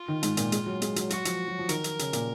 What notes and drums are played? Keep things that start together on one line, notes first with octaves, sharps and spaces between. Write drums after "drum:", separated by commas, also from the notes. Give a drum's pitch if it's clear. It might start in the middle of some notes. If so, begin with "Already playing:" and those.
Already playing: F4
D#3
G#2, drum: hi-hat
A#2, drum: hi-hat
G#3, drum: hi-hat
F#3
G#3, drum: hi-hat
F#3, drum: hi-hat
F#3 F#4, drum: hi-hat
F3, drum: hi-hat
F#3
F3
D#3 A#4, drum: hi-hat
drum: hi-hat
C#3, drum: hi-hat
A#2, drum: hi-hat